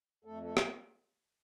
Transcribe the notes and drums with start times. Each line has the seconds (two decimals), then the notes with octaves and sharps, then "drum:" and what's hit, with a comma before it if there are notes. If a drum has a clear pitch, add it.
0.25 F2 A3 A4
0.43 A3 A4
0.57 drum: rim click